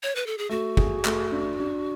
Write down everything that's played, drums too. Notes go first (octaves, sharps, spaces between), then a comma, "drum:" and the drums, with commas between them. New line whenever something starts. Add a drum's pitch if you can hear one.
C#5
B4
A4
G#4
A3 F#4
G#4, drum: kick
A3, drum: clap
D4
D4